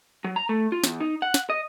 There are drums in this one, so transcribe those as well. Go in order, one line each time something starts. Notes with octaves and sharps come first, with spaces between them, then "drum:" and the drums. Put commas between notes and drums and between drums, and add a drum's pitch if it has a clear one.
F#3
A#5
A3
F4
E2, drum: snare
D#4
F#5
drum: snare
D#5